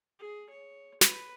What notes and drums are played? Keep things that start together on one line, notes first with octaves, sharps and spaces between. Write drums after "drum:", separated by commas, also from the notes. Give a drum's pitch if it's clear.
G#4
C#5
B4, drum: snare